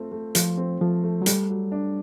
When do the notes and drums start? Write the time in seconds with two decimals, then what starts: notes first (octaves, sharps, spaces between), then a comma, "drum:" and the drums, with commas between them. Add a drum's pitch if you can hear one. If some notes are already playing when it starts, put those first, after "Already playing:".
Already playing: A3 C4 F4
0.12 A3
0.35 F3 F4, drum: hi-hat
0.57 C4
0.81 F3 A3
1.04 A3
1.22 F#3
1.26 G3 A3, drum: hi-hat
1.50 F#3
1.72 D4